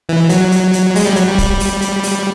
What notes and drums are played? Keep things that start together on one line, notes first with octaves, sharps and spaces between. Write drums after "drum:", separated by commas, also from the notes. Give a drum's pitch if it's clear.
E3
F#3, drum: hi-hat
drum: hi-hat
drum: hi-hat
G#3, drum: open hi-hat
G3
F#3, drum: hi-hat
G3
drum: kick, hi-hat
drum: open hi-hat
drum: hi-hat
drum: open hi-hat